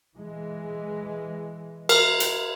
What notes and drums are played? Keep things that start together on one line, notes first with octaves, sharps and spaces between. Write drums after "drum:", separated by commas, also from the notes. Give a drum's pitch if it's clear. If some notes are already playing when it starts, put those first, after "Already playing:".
E3 G#3
A#4, drum: cymbal
drum: hi-hat